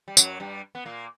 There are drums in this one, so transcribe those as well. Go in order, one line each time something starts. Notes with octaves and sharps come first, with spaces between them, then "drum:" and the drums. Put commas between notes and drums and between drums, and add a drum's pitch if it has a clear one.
G3
F#2 F#3, drum: tambourine
G2 G3
B3
A#2 A#3